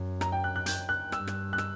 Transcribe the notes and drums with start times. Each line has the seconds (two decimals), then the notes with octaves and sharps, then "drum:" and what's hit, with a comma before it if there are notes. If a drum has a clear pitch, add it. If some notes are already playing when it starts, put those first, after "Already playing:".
Already playing: F#2
0.21 A#5, drum: rim click
0.32 G5
0.44 F#6
0.56 F#6
0.66 G6, drum: hi-hat
0.89 F#6
1.12 G2 E6, drum: rim click
1.27 drum: rim click
1.53 F#6
1.58 E6, drum: rim click